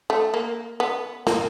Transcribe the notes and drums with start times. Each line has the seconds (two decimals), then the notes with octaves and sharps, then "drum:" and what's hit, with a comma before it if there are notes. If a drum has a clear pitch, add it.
0.10 A3
0.34 A#3
0.80 B3
1.27 A#3, drum: snare